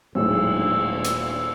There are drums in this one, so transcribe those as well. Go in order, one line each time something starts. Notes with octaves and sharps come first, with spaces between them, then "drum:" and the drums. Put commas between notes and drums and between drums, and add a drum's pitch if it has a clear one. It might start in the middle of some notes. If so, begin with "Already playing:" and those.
D#1 A2 F#3 G#3 E6, drum: cymbal
drum: hi-hat